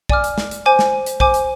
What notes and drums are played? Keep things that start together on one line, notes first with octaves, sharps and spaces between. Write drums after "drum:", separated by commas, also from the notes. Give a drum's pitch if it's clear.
D5 G#5 D6 F6, drum: kick
drum: hi-hat
drum: snare
drum: hi-hat
C5 G#5 D6
drum: snare
drum: hi-hat
C5 G#5 D6, drum: kick
drum: hi-hat